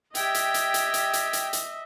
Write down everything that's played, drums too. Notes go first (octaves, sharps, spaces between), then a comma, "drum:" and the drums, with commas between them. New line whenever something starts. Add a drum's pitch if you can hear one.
G4 D#5 E5 G5 G#6, drum: hi-hat
drum: hi-hat
drum: hi-hat
drum: hi-hat
drum: hi-hat
drum: hi-hat
drum: hi-hat
drum: hi-hat